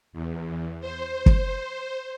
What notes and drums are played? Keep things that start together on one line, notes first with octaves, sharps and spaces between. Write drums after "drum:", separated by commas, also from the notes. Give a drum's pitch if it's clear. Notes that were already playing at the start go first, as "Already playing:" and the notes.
E2
C5
drum: kick